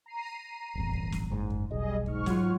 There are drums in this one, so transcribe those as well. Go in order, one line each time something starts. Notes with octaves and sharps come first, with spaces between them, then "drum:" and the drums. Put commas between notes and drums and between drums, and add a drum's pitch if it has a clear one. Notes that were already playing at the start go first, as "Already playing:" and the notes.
A#5 C7 D#7
D1 G1 E2
drum: kick
drum: snare
F#1 G#2
drum: kick
E1 B1 G3 G#4 D#5
G#2 C#6 F6, drum: kick
F#3 F4, drum: snare